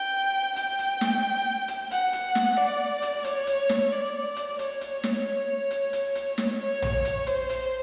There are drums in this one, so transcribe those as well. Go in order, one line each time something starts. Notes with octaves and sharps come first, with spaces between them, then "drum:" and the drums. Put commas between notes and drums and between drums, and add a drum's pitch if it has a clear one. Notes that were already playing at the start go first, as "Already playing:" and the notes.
Already playing: G5
G5, drum: hi-hat
drum: hi-hat
drum: snare
drum: hi-hat
F#5, drum: hi-hat
drum: hi-hat
drum: snare
D5
drum: hi-hat
C#5, drum: hi-hat
drum: hi-hat
drum: snare
D5
drum: hi-hat
C#5, drum: hi-hat
drum: hi-hat
drum: snare
drum: hi-hat
drum: hi-hat
drum: hi-hat
drum: snare
C#5
drum: tom
drum: hi-hat
C5, drum: hi-hat
drum: hi-hat